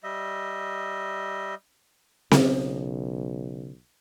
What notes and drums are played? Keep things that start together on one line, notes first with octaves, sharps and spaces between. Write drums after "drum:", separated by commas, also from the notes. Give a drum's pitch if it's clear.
G3 D#5 E5
B1 C#3, drum: snare C4